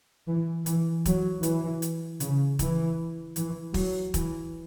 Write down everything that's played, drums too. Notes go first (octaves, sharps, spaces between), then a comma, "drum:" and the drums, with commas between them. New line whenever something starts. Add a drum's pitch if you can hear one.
E3
E3, drum: hi-hat
F#3, drum: kick, hi-hat
E3, drum: hi-hat
drum: hi-hat
C#3, drum: hi-hat
E3, drum: kick, hi-hat
E3, drum: hi-hat
F#3, drum: kick, open hi-hat
E3, drum: kick, hi-hat